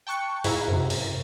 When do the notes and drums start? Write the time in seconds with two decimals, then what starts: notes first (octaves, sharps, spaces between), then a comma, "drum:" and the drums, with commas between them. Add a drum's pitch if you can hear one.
0.07 G5 A5 C#6 F#6 C#7
0.44 G#2 E4 F5 A#5, drum: open hi-hat
0.68 F#2 C3
0.90 drum: open hi-hat